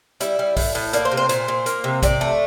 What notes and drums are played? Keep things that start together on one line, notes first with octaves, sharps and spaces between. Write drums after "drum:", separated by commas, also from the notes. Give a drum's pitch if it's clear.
G3 E4, drum: hi-hat
G3
A2, drum: kick, open hi-hat
A2
A#3 D5, drum: hi-hat
C5
C3
C5
A#2 C5, drum: hi-hat
A#2
A#3, drum: hi-hat
C3
C3 D5, drum: kick, hi-hat
A3